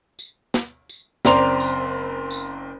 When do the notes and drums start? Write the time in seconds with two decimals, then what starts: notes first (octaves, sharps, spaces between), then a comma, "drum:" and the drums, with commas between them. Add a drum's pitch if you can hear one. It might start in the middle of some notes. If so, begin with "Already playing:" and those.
0.19 drum: tambourine
0.54 drum: snare
0.89 drum: tambourine
1.25 F#1 C4 D5 A#5 C6 F7, drum: snare
1.60 drum: tambourine
2.31 drum: tambourine